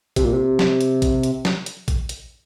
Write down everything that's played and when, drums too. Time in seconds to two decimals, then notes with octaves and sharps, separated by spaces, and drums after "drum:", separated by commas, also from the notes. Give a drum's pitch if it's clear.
0.16 C3, drum: kick, hi-hat
0.24 A#2
0.33 C3
0.59 drum: snare
0.81 drum: hi-hat
1.02 drum: kick, hi-hat
1.23 drum: hi-hat
1.45 drum: snare
1.66 drum: hi-hat
1.88 drum: kick, hi-hat
2.09 drum: hi-hat